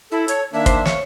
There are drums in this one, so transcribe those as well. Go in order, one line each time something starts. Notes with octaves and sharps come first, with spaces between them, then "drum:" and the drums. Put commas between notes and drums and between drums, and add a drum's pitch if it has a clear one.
E4 A4
C#5, drum: hi-hat
D#3 A#3 D4 E5
C5, drum: kick, hi-hat
C#5 F5, drum: snare